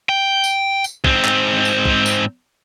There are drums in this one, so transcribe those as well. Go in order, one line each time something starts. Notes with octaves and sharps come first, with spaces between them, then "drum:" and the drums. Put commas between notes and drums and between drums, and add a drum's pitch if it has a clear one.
G5
drum: tambourine
drum: tambourine
G#2 C4, drum: kick
drum: clap
drum: tambourine
drum: kick
drum: tambourine